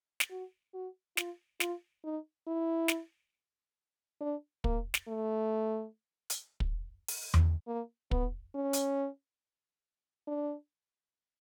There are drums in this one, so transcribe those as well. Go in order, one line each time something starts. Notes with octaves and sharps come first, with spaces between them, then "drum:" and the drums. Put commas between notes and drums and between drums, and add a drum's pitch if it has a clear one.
drum: snare
F#4
F#4
F4, drum: snare
F4, drum: snare
D#4
E4
drum: snare
D4
A#3, drum: kick
drum: snare
A3
drum: hi-hat
drum: kick
drum: open hi-hat
drum: tom E2
A#3
B3, drum: kick
C#4
drum: hi-hat
D4